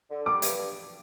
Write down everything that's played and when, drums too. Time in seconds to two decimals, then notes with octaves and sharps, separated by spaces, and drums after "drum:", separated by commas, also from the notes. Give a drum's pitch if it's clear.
0.09 D3
0.25 G3 D6
0.42 G2, drum: hi-hat